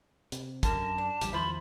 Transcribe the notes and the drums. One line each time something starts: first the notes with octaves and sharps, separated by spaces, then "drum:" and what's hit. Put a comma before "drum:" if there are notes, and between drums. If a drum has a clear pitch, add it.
C3, drum: hi-hat
F#2 D3 A#4 A5, drum: kick, hi-hat
D4
A1 D2 G3 G4, drum: hi-hat
E2 D#3 F3 F4 C5 E5 B5